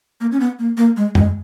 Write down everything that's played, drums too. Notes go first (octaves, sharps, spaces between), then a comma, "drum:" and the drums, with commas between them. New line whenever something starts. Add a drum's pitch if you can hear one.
A#3
C#4
B3
A#3
A#3
G#3
G#3, drum: tom F#2